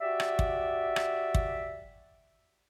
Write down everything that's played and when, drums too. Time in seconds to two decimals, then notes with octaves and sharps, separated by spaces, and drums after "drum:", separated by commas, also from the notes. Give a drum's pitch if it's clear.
0.01 F#4 G4 D5 E5
0.20 drum: rim click
0.39 drum: kick
0.96 drum: rim click
1.34 drum: kick